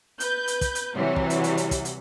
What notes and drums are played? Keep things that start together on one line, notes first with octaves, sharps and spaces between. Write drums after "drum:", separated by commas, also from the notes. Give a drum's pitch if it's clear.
B4 G6, drum: hi-hat
drum: hi-hat
drum: kick, hi-hat
drum: hi-hat
C3 E3 F#3 G3
drum: kick
drum: hi-hat
drum: hi-hat
drum: hi-hat
drum: kick, hi-hat
drum: hi-hat